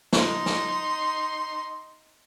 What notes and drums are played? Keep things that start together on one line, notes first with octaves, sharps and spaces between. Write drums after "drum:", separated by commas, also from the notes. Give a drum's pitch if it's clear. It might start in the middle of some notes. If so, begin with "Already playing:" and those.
D#4 C6, drum: snare
drum: snare